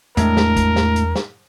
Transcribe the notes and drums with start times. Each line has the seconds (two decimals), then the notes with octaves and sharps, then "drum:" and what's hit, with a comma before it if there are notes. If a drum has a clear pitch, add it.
0.17 E2 A2 G#3 D4 A#4, drum: hi-hat
0.37 drum: snare
0.56 drum: kick, hi-hat
0.76 drum: snare
0.96 drum: hi-hat
1.16 drum: snare